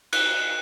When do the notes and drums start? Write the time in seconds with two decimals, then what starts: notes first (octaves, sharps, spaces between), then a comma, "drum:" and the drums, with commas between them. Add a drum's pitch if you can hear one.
0.13 F#6, drum: cymbal